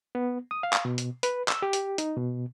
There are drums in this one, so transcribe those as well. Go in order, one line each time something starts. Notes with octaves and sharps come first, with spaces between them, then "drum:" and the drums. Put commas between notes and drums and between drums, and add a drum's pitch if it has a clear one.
B3
D#6
F5
drum: clap
B2
drum: hi-hat
B4, drum: hi-hat
E6, drum: clap
G4
drum: hi-hat
D#4, drum: hi-hat
B2